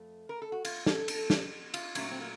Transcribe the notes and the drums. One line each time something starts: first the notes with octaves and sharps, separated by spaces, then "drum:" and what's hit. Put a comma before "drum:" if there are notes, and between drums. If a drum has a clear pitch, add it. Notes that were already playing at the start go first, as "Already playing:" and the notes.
Already playing: F2 A3
A#4
A4
F#4
F4, drum: cymbal
A4, drum: snare
A4, drum: cymbal
drum: snare
F4, drum: cymbal
A#2 F#3 A3 C#4, drum: cymbal
C4
A#3